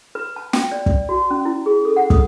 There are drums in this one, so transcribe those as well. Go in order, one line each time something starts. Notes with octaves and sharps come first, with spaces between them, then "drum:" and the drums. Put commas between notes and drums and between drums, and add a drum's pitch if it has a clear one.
B4
A5
G5, drum: snare
D5
D5, drum: kick
F#4
C#4
E4
G#4
A4
F#5
D#6, drum: kick